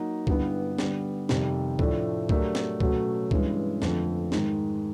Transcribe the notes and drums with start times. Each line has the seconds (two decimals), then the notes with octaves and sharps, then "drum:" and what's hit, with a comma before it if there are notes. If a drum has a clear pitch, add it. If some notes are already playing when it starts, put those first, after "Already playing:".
Already playing: F#3 A#3 D#4 F#4
0.27 G2 D3 G3 B3 E4, drum: kick C#2
0.79 D3 G3 B3, drum: snare C4
1.29 F2 C3 D#3 G3, drum: snare C4
1.79 A2 F3 A3 D4, drum: kick C#2
2.29 F#3 A3 D4 G4 A#4, drum: kick C#2
2.55 drum: snare C4
2.80 B2 F#3 A3 C#4 F#4, drum: kick C#2
3.31 G2 E3 G#3 C#4, drum: kick C#2
3.82 F2 D3 F3 A3, drum: snare C4
4.32 G#2 D#3 G#3, drum: snare C4